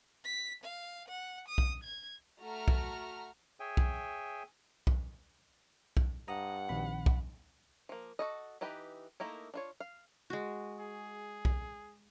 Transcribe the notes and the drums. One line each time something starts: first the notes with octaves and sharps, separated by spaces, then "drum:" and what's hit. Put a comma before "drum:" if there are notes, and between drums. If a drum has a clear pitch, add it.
B6
F5
F#5
D#6
drum: kick B1
G#6
A3 F#4 A#5 F6
drum: kick B1
G#4 C#5 E5 G5 G#5
drum: kick B1
drum: kick B1
drum: kick B1
G2 F#5 A#5 D#6
A#1 D#3 C4 B5
drum: kick B1
F3 A#3
F#4 A4 D#5
E3 D#4 G4 B4
A3 A#3 D#4 E4
D4 F4 C#5
F5
G#3 F#4
G#4
drum: kick B1